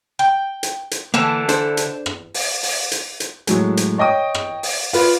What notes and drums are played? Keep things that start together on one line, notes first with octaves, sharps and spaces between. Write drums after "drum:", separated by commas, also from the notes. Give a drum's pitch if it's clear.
G5
drum: hi-hat
drum: hi-hat
D3 E3 A#3 A5
D4 A4 C5, drum: hi-hat
drum: hi-hat
drum: rim click
drum: open hi-hat
drum: open hi-hat
drum: hi-hat
drum: hi-hat
A2 F#3 G#3, drum: hi-hat
drum: hi-hat
C#5 D#5 G5 D#6
drum: rim click
drum: open hi-hat
F4 B4, drum: open hi-hat